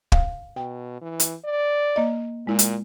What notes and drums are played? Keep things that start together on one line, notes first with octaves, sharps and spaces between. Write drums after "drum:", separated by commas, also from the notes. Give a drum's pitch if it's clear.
F5, drum: kick
B2 G5
E3
drum: hi-hat
D5
A#3 D#5
A#2 G#3 E4
drum: hi-hat